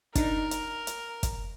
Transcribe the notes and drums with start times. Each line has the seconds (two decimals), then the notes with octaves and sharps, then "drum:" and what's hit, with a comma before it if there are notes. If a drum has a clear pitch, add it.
0.15 D4 D#4 A#4, drum: kick, hi-hat
0.51 drum: hi-hat
0.87 drum: hi-hat
1.23 drum: kick, hi-hat